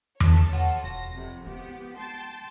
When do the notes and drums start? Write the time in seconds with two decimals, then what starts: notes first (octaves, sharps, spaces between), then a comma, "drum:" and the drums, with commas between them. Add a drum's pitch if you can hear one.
0.20 A4 C#5, drum: tom E2
0.53 F4 F#4 B4
0.84 E1 A#6
1.14 F2 C3
1.45 G#3 B3 E4 G4
1.95 G5 A5 C6